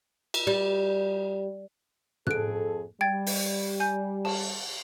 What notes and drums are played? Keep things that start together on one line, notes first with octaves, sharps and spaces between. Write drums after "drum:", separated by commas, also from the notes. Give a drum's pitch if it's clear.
drum: cymbal
G3
F2 G#4 A4 F#6 D7, drum: tom
G3 G5 G#6 A6
drum: open hi-hat
G#5 G6
A5, drum: cymbal